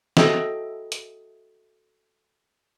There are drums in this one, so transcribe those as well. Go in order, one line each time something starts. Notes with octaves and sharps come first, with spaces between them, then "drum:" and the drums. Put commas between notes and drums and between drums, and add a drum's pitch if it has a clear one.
F#4 A4 D#5 E5 G5, drum: snare
drum: hi-hat